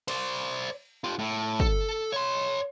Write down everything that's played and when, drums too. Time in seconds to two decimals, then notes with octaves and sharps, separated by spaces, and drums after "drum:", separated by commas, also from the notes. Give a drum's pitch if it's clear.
0.08 C5 D5, drum: cymbal
1.04 F4 G4
1.19 A2
1.60 A4, drum: kick
2.12 C#5 C6